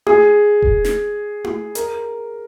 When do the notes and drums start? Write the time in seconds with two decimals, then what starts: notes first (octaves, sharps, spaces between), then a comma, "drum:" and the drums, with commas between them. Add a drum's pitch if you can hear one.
0.07 G#4, drum: tom E4
0.62 drum: kick E1
0.85 drum: snare
1.44 drum: tom E4
1.75 A#4, drum: hi-hat